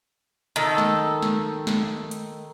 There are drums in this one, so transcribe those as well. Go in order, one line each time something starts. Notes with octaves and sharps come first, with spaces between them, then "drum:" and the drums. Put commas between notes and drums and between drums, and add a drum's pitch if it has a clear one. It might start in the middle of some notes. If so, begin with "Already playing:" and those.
D#3 A4
drum: snare
drum: snare
drum: snare
drum: hi-hat